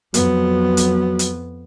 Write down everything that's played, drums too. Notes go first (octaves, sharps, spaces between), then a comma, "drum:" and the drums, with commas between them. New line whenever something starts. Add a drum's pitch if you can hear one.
F2 F#3 B3, drum: hi-hat
drum: hi-hat
drum: hi-hat